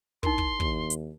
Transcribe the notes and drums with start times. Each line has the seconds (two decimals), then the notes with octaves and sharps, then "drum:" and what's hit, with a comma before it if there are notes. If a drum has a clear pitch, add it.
0.23 D#4 E4 A#4 C6, drum: kick
0.38 drum: kick
0.60 D#2, drum: kick
0.90 drum: hi-hat